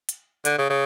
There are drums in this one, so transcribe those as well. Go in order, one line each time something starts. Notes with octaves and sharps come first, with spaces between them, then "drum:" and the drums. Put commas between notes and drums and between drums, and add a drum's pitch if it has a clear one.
drum: hi-hat
D3, drum: hi-hat
C#3
C#3